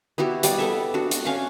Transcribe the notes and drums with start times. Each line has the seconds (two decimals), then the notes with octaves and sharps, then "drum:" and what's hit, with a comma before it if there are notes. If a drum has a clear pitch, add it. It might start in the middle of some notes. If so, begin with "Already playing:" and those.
0.18 B3 E4 F#4 G4
0.43 G3 D5 D6, drum: hi-hat
0.58 B3 A4 E5
0.94 D4 F#4
1.11 drum: hi-hat
1.25 C#4 F5 F#5 C#6